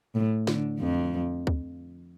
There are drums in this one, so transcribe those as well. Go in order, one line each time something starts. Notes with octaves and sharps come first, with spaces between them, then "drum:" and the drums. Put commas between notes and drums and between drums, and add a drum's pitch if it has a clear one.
A2
D3, drum: snare
F2 F3
drum: kick D2